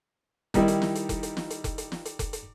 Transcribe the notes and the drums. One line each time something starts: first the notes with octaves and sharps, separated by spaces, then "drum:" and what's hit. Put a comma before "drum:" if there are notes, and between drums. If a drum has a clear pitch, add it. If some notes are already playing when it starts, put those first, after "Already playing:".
D#3 G3 D#4 E4, drum: kick F1, hi-hat
drum: hi-hat
drum: snare
drum: hi-hat
drum: kick F1, hi-hat
drum: hi-hat
drum: snare
drum: hi-hat
drum: kick F1, hi-hat
drum: hi-hat
drum: snare
drum: hi-hat
drum: kick F1, hi-hat
drum: hi-hat